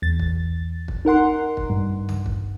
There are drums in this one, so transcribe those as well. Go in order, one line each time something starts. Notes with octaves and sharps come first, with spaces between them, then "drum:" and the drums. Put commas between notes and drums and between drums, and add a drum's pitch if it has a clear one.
E2 A6
drum: kick
drum: kick
D#4 A#4 F#5 C6
drum: kick
G2
drum: tom B1
drum: kick